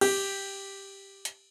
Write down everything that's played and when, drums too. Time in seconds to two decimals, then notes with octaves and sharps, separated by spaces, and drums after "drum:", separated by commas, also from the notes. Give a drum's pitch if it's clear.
0.01 G4, drum: cymbal
1.25 drum: hi-hat